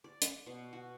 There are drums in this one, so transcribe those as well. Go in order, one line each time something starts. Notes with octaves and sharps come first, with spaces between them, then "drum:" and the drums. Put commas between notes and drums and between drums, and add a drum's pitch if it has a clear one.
D5
drum: hi-hat
B2
F#4